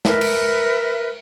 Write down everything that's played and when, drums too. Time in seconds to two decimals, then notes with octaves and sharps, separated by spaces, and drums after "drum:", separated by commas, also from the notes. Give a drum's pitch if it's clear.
0.05 A#4 B4 E5, drum: snare
0.21 drum: cymbal